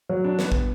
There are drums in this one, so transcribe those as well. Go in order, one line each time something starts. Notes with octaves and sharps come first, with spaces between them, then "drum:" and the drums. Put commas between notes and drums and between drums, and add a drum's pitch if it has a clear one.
F#3
D4
B3, drum: snare
drum: kick